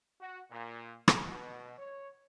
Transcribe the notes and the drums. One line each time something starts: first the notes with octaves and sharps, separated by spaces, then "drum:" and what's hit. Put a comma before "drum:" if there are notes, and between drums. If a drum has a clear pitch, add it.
F#4
A#2
drum: rim click
B2
C#5